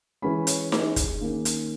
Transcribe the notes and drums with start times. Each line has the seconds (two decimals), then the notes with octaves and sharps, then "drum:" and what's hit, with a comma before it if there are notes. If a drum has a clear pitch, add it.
0.22 E3 G#3 C#4 B5
0.47 C#5, drum: hi-hat
0.72 G#4, drum: snare D#4
0.96 drum: kick, hi-hat
1.21 D#3 A#3 C#4
1.45 drum: hi-hat